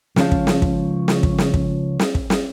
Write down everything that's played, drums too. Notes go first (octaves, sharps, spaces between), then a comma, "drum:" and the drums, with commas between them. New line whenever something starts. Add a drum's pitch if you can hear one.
C#2 F3 C#4 F5 A5, drum: snare
drum: kick
drum: snare
drum: kick
drum: snare
drum: kick
drum: snare
drum: kick
drum: snare
drum: kick
drum: snare